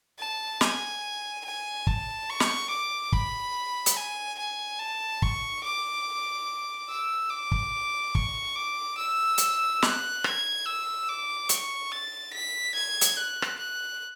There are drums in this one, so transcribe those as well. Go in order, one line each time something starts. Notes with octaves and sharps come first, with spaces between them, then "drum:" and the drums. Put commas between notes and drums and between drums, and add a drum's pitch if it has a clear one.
A5
G#5, drum: snare
G#5
A5, drum: kick
C#6
drum: snare
D6
B5, drum: kick
drum: hi-hat
G#5
G#5
A5
C#6, drum: kick
D6
E6
D6
drum: kick
C#6, drum: kick
D6
E6
drum: hi-hat
F#6, drum: snare
G#6, drum: rim click
E6
D6
C#6, drum: hi-hat
A6
B6
G#6
drum: hi-hat
F#6
drum: rim click
F#6